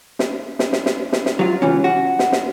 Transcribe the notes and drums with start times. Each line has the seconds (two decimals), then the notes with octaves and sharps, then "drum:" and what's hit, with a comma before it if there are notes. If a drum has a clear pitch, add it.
0.19 drum: snare
0.59 drum: snare
0.73 drum: snare
0.86 drum: snare
1.13 drum: snare
1.26 drum: snare
1.39 F#3 F4
1.62 C#2 E3 C#4
1.84 F#4
2.19 drum: snare
2.32 drum: snare